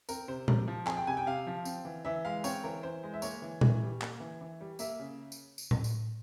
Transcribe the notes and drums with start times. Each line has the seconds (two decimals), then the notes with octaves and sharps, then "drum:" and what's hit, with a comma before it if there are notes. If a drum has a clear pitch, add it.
0.09 C4 A#4, drum: tambourine
0.28 C3 C5
0.48 C3 A#4, drum: tom A#2
0.68 F3
0.87 C4 G#4, drum: clap
0.97 G5
1.07 C3 G#5
1.17 G5
1.26 C3 F5
1.47 F3
1.65 C4, drum: tambourine
1.85 E3
2.05 E3 E5
2.25 G#3 F5
2.44 C4 C#5, drum: tambourine
2.64 E3 A#4
2.83 E3 C5
3.03 G#3
3.14 E5
3.22 A#3 C#5, drum: tambourine
3.42 E3
3.61 E3, drum: tom A#2
3.82 G3
4.02 A#3, drum: clap
4.20 E3
4.41 E3
4.60 G3
4.79 A#3 E5, drum: tambourine
4.99 C#3
5.32 drum: tambourine
5.58 drum: tambourine
5.71 drum: tom A2
5.84 drum: tambourine